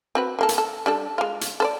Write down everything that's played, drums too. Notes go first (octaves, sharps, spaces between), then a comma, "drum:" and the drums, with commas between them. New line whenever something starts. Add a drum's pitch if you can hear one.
C4 F#4 B4
D#3 A#3 A4
drum: hi-hat
A4
G3 D4 A4
G#3 F4
drum: hi-hat
A4 C5 D5